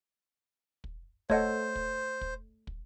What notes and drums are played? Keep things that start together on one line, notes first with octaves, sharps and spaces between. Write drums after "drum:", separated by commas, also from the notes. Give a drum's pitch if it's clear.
drum: kick
A3 A4 C5 C#5 D#5 F#5, drum: kick
drum: kick
drum: kick
drum: kick